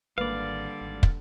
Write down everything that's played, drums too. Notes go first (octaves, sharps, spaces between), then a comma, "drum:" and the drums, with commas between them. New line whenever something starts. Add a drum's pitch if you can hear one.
G#1 D3 G3 A#3 B4 D5 F5
G#1
drum: kick